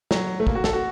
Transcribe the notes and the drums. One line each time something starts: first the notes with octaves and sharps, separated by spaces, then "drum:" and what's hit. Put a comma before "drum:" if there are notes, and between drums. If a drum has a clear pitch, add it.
F#3, drum: snare
A3
A#3, drum: kick
F#4
A4, drum: snare
F#4